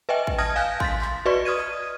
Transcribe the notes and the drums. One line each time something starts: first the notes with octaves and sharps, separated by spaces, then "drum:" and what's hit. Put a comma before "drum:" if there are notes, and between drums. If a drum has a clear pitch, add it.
B4 D#5 E5 G5 G#5
drum: kick A1
A5 D#6 F6 G#6 A#6
F5 G#5 F#6 G6 A#6
C6 A6 B6, drum: kick A1
drum: clap
F#4 B4 D5 D#5 C#6
D#6 F6 G#6 D#7
drum: clap